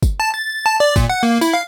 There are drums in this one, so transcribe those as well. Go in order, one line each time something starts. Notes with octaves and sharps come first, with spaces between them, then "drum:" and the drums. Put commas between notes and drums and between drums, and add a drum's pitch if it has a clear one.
drum: kick, tambourine
A5
A6
A5
D5
A#2, drum: kick, tambourine
F#5
A#3
E4, drum: tambourine
F5